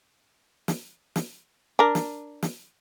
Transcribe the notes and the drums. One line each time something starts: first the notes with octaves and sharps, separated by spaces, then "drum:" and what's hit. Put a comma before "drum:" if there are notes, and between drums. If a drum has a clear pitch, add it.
drum: snare
drum: snare
D4 A#4
drum: snare
drum: snare